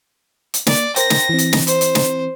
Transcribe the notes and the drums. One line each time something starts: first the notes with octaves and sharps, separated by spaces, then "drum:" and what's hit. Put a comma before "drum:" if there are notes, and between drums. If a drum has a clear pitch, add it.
drum: hi-hat
A#3 D5, drum: snare
A#4 C5 G5 A#6, drum: hi-hat
drum: snare
E3 C4
drum: hi-hat
drum: snare
C5, drum: hi-hat
drum: hi-hat
drum: snare